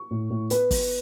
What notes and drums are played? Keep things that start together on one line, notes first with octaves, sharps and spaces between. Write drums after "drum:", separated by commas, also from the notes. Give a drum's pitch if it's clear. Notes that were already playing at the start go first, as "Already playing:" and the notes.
Already playing: C#6
A2
A2
B3 B4, drum: hi-hat
B3, drum: kick, open hi-hat